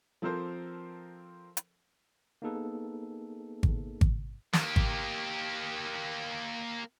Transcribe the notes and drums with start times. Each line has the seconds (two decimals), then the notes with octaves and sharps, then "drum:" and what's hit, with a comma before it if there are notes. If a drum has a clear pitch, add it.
0.22 F3 C4 A4 A#4 C5
1.57 drum: hi-hat
2.42 A#3 B3 D#4 G#4 A4 B4
3.63 drum: kick G#1
4.01 drum: kick G#1
4.53 A#3 G4, drum: snare
4.76 drum: kick G#1